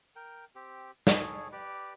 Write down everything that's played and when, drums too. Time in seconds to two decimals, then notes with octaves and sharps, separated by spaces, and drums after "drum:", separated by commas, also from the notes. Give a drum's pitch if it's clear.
0.16 A#4 G5
0.55 C4 G4
1.07 G#4 A4 C#5, drum: snare
1.52 G4 B4 D5